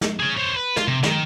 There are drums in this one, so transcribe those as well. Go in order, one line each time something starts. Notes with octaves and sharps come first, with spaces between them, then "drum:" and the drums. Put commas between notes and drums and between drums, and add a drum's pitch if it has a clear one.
drum: snare
G#4 C#5
C5 C#5
B4
F4, drum: snare
C3
D#3, drum: snare